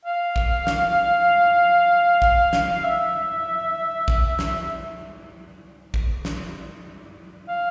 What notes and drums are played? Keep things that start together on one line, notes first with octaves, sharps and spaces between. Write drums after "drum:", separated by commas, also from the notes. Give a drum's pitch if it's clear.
F5
drum: kick A1
drum: snare
drum: kick A1
drum: snare
E5
drum: kick A1
drum: snare
drum: kick A1
drum: snare
F5